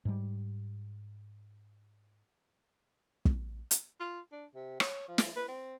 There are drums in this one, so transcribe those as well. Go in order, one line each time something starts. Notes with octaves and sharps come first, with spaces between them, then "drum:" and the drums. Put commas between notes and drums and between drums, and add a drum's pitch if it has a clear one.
G#2 G3
drum: kick
drum: hi-hat
F4
D4
C3
C#5, drum: rim click
F3
drum: snare
B4
C4